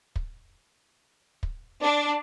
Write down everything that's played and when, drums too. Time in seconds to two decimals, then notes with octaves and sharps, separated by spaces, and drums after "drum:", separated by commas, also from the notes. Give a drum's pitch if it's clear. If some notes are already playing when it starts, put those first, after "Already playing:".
0.16 drum: kick
1.43 drum: kick
1.81 D4